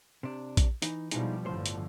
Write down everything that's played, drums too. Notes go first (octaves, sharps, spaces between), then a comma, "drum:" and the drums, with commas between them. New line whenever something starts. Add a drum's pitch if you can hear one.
C3 D4
drum: kick A#1, hi-hat
E3 D#4, drum: hi-hat
B2 F3 G3 G#3 D#4 E4, drum: hi-hat
G1 A2 D3 F3 C5
drum: hi-hat